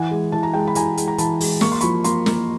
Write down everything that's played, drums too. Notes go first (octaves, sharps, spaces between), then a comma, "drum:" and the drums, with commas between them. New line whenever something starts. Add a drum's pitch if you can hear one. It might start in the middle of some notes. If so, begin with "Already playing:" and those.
Already playing: E3 F#5 G#5
G#3
E3 A5
A#5
G#3 G5 A5
B5
E3 G#5 A#5, drum: hi-hat
G#3, drum: hi-hat
A#5
E3 A5 B5, drum: hi-hat
G#3, drum: open hi-hat
A#3 C#6, drum: snare
C6
F3 B5 C#6, drum: hi-hat
A#3 A#5 C6, drum: hi-hat
A#3, drum: snare